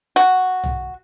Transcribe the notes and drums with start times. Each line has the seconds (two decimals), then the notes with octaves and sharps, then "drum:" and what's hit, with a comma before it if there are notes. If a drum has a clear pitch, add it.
0.16 F#4
0.64 drum: tom B1